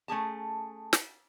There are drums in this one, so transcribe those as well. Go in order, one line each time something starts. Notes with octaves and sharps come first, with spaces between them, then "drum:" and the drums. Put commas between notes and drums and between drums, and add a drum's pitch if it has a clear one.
A3 C#4 G#4 A5
drum: snare